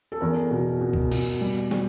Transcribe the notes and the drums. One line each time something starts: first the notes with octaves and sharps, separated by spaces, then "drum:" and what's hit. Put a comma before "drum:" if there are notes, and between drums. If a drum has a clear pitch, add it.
A4
E2 A#4
B2
B2
drum: kick C2
B2, drum: cymbal
G3
G3, drum: snare